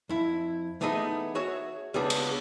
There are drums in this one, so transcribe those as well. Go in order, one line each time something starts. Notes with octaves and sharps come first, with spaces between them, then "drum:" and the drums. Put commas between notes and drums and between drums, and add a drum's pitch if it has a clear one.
F2 E4
E3 A3 B3 D#4 G#4 D#5
F#4 G#4 C#5 E5
C#2 G3 B3 D4 G#4
drum: cymbal